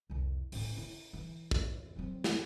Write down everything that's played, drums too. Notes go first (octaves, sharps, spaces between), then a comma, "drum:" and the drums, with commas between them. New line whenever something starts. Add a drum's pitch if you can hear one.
C2 F2
A2 C#4, drum: open hi-hat
C#4 E4
E3
drum: kick
F#3 C4
drum: snare